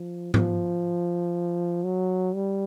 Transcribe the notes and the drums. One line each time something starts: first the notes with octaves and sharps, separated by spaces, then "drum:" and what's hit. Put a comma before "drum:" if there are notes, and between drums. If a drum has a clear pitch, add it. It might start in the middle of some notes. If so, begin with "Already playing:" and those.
Already playing: F3
F3, drum: tom G#2
F#3
G3